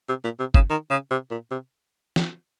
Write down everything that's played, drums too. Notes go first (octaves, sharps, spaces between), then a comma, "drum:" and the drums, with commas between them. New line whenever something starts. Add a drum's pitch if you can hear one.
C3
A#2
C3
C#3, drum: kick
D#3
C#3
C3
A#2
C3
drum: snare